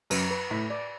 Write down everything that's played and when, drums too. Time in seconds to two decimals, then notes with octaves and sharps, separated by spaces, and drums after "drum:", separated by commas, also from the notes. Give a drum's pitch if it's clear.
0.10 F#2 B4, drum: cymbal
0.31 B4
0.51 A2 B5
0.70 D5